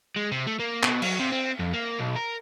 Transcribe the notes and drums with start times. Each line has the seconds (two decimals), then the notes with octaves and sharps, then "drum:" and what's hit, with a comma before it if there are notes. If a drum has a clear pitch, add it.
0.16 G#3
0.31 C3
0.47 A3
0.60 A#3
0.83 B2, drum: clap
1.02 F#3, drum: cymbal
1.20 C3
1.32 C4
1.59 F2
1.73 A#3
1.99 B1
2.16 A#4